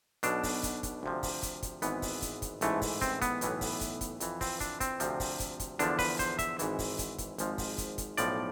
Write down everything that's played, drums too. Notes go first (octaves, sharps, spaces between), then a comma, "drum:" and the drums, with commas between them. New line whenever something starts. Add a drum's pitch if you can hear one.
B1 B2 D4, drum: hi-hat
drum: kick, open hi-hat
drum: kick, hi-hat
drum: kick, hi-hat
D2 C3 F3
drum: kick, open hi-hat
drum: kick, hi-hat
drum: kick, hi-hat
G#1 G#2 E3 B3, drum: hi-hat
drum: kick, open hi-hat
drum: kick, hi-hat
drum: kick, hi-hat
A1 G#2 E3 A3, drum: hi-hat
drum: kick, open hi-hat
C4, drum: kick, hi-hat
B3, drum: kick, hi-hat
B1 A2 E3, drum: hi-hat
drum: kick, open hi-hat
drum: kick, hi-hat
drum: kick, hi-hat
F2 E3, drum: hi-hat
C4, drum: kick, open hi-hat
D4, drum: kick, hi-hat
C4, drum: kick, hi-hat
D2 C3 F3, drum: hi-hat
drum: kick, open hi-hat
drum: kick, hi-hat
drum: kick, hi-hat
E2 D3 F3 D4, drum: hi-hat
B4, drum: kick, open hi-hat
C5, drum: kick, hi-hat
E5, drum: kick, hi-hat
G#1 G#2 E3, drum: hi-hat
drum: kick, open hi-hat
drum: kick, hi-hat
drum: kick, hi-hat
G#1 G#2 F3, drum: hi-hat
drum: kick, open hi-hat
drum: kick, hi-hat
drum: kick, hi-hat
B1 A2 F3 D5, drum: hi-hat